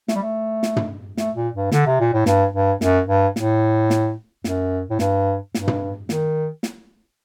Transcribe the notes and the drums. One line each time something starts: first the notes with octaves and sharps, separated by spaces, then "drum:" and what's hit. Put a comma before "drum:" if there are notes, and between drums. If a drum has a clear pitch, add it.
A3, drum: snare
G3
A3
drum: snare
drum: tom
A3, drum: snare
A#2
G2
D3, drum: snare
C3
A#2
A2
G2, drum: snare
G2
F#2, drum: snare
G2
A2, drum: snare
drum: snare
F#2, drum: snare
A2
G2, drum: snare
G2, drum: snare
drum: tom
D#3, drum: snare
drum: snare